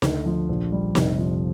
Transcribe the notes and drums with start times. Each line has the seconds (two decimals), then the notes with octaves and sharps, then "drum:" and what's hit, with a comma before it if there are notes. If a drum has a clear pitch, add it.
0.02 D2, drum: snare
0.26 F3
0.49 A#1
0.72 G3
0.95 F1, drum: snare
1.19 F3